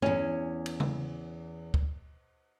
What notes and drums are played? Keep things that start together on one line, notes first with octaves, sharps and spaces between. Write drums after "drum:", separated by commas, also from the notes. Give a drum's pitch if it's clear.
E2 C#4, drum: tom G2
drum: cymbal
drum: tom C#3
drum: kick